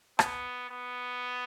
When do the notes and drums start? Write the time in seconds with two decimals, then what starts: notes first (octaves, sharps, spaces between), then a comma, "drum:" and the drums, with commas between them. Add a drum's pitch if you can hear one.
0.19 B3, drum: rim click
0.70 B3